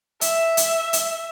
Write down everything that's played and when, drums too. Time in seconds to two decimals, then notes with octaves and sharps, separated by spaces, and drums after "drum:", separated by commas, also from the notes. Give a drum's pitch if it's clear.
0.21 E5, drum: hi-hat
0.57 drum: hi-hat
0.93 drum: hi-hat